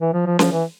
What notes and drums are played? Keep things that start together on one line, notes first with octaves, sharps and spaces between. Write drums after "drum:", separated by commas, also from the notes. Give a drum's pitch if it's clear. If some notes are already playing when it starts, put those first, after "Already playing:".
E3
F3
F3
F3, drum: snare C#4
E3